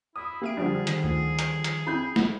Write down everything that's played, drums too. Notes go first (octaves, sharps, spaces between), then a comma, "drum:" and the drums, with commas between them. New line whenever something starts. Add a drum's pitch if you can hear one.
E4 D#6
A#3 G4 G#4 E5 D7
D3 F3 G3 D4 G#4
D#3, drum: hi-hat
D2 G#4
drum: hi-hat
drum: hi-hat
C4 E4 B5 G6
drum: snare